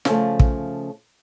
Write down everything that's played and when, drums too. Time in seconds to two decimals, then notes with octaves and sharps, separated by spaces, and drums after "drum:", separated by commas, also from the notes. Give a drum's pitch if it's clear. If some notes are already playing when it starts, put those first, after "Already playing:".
0.05 C#3 F3 A3, drum: snare
0.40 drum: kick